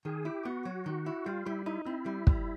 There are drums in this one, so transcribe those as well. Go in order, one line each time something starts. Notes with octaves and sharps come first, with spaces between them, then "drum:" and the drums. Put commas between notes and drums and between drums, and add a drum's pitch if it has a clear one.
D#3 G#4
E4 G4
B3 F#4
F#3
D#3
E4
G3 F4
G3 E4
D#4 E4
C4 E4
G3
G3, drum: kick